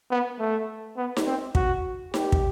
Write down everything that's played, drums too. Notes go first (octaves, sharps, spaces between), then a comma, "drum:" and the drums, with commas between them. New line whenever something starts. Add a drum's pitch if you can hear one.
B3
A3
B3
drum: snare D#4
C4
F#4, drum: kick
G4, drum: snare D#4
drum: kick